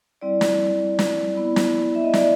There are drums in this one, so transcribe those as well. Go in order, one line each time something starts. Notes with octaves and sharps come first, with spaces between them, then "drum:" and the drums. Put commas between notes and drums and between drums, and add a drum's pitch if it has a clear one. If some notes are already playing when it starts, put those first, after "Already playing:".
G3 C4 E4 D5
drum: snare
drum: snare
B3 E4
drum: snare
E5
D#5
D5, drum: snare